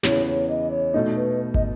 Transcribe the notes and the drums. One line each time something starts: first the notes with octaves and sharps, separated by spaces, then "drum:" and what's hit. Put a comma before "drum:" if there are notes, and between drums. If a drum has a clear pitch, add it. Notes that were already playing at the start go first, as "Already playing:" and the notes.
E2 C#3 E3 C#5, drum: snare
C#5
D#5
C#5
B2 A3 D#4
B4
D#5, drum: kick